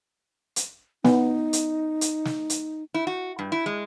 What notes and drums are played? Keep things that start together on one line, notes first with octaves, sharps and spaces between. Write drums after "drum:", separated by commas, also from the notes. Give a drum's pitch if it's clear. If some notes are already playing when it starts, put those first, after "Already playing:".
drum: hi-hat
B3 D#4, drum: snare
drum: hi-hat
drum: hi-hat
drum: snare
drum: hi-hat
E4
F#4
G2
E4
G#3